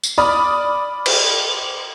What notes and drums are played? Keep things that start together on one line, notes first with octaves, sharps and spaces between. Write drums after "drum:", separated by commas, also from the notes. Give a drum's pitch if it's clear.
drum: tambourine
D5 B5 D#6 F6
drum: cymbal